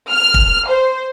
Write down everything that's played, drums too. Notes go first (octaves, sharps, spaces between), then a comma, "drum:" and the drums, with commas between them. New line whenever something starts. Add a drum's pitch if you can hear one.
F6
drum: kick
C5